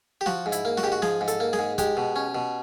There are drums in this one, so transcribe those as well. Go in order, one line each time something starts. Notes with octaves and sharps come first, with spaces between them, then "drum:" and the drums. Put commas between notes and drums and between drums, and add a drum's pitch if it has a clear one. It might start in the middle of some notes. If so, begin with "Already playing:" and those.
G4
F3 F#4, drum: snare
G#2
E4, drum: hi-hat
A#3
F#4, drum: snare
G#2 G4
F#4
F3 G#4, drum: snare
G#2
A4, drum: hi-hat
A#3
G#4, drum: snare
G#2
G#3 G4, drum: kick, hi-hat
B2
C#4
B2